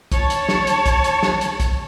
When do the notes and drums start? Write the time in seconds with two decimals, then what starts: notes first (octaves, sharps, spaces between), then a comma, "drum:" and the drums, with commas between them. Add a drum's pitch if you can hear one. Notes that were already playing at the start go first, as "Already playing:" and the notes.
0.12 C#5 A5, drum: kick, hi-hat
0.30 drum: hi-hat
0.49 drum: snare
0.67 drum: hi-hat
0.86 drum: kick, hi-hat
1.04 drum: hi-hat
1.23 drum: snare
1.41 drum: hi-hat
1.60 drum: kick, hi-hat